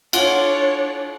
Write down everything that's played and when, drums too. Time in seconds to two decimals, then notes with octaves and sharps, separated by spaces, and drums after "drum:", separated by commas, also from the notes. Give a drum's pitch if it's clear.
0.13 D4 F4 C#5 F#5, drum: cymbal